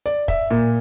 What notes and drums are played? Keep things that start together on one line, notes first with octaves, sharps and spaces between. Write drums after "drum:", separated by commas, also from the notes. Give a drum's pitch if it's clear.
D5, drum: hi-hat
E5, drum: kick, hi-hat
A#2